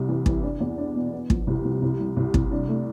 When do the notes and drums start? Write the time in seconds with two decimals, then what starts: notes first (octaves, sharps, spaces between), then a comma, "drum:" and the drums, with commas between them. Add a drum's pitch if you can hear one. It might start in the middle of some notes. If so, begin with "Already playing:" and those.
Already playing: C2 C3 G3
0.09 E3
0.26 E3, drum: kick
0.43 D4
0.61 E2
0.78 D4
0.95 B2
1.12 B3
1.30 F3, drum: kick
1.47 C2
1.65 C3
1.82 C2
2.00 G3
2.16 C2
2.34 C2, drum: kick
2.52 D4
2.69 A3